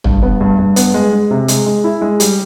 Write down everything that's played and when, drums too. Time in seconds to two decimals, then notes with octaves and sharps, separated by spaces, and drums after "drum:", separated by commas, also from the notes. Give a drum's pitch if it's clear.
0.04 G2, drum: tom
0.22 B3
0.41 G2
0.59 G2
0.76 B3, drum: hi-hat
0.94 G#3
1.13 G#3
1.31 C3
1.48 G#3, drum: hi-hat
1.66 G#3
1.84 E4
2.02 G#3
2.20 G3, drum: hi-hat